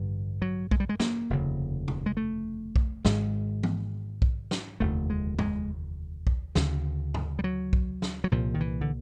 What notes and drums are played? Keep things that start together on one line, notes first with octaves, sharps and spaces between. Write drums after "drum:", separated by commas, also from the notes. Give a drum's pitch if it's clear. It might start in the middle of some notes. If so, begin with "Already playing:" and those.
Already playing: A1 G2 D3 G3
F#3
G#3, drum: kick B1
G3
G#3
A#3, drum: snare
F1 D#2 C#3
drum: tom B2
G#3
A3
drum: kick B1
G#1 G#2 G#3, drum: snare
drum: tom E3
drum: kick B1
drum: snare
F1 D#2 D3 A3
G#3
G#3, drum: tom
drum: kick B1
D2 C#3, drum: snare
drum: tom
G3
F#3
drum: kick B1
drum: snare
F#3
C2 A#2 F3
D#3
E3
D3